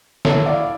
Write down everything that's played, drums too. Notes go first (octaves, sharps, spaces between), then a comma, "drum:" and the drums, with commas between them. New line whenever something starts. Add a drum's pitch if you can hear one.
E4 A4 C#5, drum: snare
E4 D5 F5